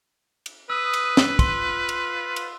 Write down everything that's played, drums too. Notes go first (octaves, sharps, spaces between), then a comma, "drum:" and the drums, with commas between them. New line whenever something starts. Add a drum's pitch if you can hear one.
drum: cymbal
B4 D#6 E6
drum: cymbal
drum: snare
F4 C6, drum: kick, cymbal
drum: cymbal
drum: cymbal